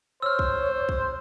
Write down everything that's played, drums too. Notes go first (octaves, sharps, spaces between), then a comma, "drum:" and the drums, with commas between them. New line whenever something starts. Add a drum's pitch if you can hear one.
C5 C#5 E6 F6
drum: kick B1
drum: kick B1